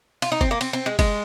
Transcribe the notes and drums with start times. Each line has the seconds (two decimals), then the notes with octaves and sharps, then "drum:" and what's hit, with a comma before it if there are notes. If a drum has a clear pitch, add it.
0.22 F4, drum: cymbal
0.32 D#4
0.41 C4, drum: kick F#1
0.51 A#3
0.61 C4, drum: cymbal
0.73 C4
0.86 G#3
0.99 G#3, drum: kick F#1, cymbal